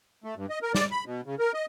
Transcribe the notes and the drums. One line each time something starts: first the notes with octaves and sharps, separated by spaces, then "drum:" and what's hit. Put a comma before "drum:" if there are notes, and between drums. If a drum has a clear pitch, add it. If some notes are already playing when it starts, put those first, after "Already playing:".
A3
G2
D#5
A#4
D5, drum: snare
B5
B2
C#3
A#4
D#5